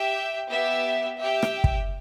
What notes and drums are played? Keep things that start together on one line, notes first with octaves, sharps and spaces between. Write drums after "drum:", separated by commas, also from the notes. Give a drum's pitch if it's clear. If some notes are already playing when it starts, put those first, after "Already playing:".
Already playing: G4 E5 G5
B3 G4 E5
G4 E5 G5
drum: rim click
drum: kick